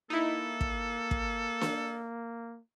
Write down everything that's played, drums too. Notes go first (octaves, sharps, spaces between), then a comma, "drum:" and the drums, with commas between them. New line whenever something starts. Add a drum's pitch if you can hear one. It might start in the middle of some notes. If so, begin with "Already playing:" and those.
A#3 D#4 E4 A4
drum: kick
drum: kick
drum: snare